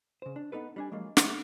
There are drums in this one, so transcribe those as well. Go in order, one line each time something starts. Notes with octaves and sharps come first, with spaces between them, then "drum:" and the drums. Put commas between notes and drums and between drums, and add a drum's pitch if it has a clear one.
C#3 C5
D4
B3 D#4 A4 B4
G3 D4 G#5
F3 F#3 G#3 A#3
A#4 E5 F#5 B5 C6, drum: snare